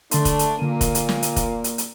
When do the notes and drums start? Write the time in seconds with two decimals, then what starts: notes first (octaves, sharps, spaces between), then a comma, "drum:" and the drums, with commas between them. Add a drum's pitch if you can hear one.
0.11 D3 A3 D4 A5 C6, drum: hi-hat
0.25 drum: kick, hi-hat
0.39 drum: hi-hat
0.59 A#2 D3 A#3 D#7
0.81 drum: kick, hi-hat
0.95 drum: hi-hat
1.09 drum: snare
1.22 drum: hi-hat
1.36 drum: kick, hi-hat
1.64 drum: hi-hat
1.78 drum: hi-hat